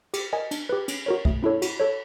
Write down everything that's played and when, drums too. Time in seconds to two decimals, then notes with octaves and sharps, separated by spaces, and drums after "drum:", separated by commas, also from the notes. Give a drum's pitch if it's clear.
0.14 G4, drum: cymbal
0.33 A#4 D#5 G#5
0.51 D4, drum: cymbal
0.69 G4 B4
0.88 C#4, drum: cymbal
1.06 F#4 A#4 C#5
1.25 A3, drum: kick
1.43 C#4 E4 A4 C#5
1.62 F#4, drum: cymbal
1.80 A4 C#5